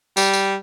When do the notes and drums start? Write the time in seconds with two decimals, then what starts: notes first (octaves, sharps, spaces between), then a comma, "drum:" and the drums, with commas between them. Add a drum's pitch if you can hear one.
0.17 G3, drum: tambourine
0.33 drum: tambourine